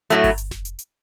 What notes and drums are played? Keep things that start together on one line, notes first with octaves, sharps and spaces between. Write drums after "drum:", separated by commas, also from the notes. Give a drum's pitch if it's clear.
A2 F#3 A3, drum: hi-hat
drum: kick G1, open hi-hat
drum: hi-hat
drum: snare F1
drum: hi-hat
drum: hi-hat